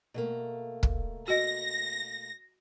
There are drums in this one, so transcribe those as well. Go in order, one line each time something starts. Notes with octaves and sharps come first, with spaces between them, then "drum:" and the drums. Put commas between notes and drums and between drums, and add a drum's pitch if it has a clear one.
B2 A3 A#3
drum: kick
F#4 D#5 A#6